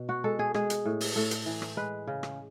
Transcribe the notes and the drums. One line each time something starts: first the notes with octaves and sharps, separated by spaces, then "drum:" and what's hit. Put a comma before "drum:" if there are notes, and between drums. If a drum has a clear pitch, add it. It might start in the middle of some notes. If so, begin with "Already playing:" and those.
Already playing: B2
F#4
G#3 A4
G#4
G#3 G#4, drum: rim click
drum: hi-hat
A2
drum: open hi-hat
A2 A4
drum: hi-hat
E3
drum: rim click
G#3 B4
C#3
drum: rim click